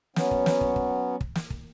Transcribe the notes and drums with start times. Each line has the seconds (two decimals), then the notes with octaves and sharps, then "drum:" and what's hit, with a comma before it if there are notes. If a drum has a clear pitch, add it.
0.16 F#3 B3 C#4, drum: snare
0.31 drum: kick
0.46 drum: snare
0.61 drum: kick
0.76 drum: kick
1.21 drum: kick
1.35 drum: snare
1.50 drum: kick